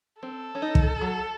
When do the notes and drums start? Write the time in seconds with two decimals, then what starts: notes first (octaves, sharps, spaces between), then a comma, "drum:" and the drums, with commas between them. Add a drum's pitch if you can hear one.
0.22 C4 A4
0.55 C#4
0.62 D#4
0.75 drum: kick
1.01 F#3